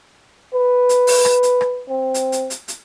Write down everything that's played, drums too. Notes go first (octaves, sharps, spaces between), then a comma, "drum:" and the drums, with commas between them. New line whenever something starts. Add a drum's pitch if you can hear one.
B4
drum: hi-hat
drum: open hi-hat
drum: rim click
drum: hi-hat
drum: rim click
C4
drum: hi-hat
drum: hi-hat
drum: hi-hat
drum: hi-hat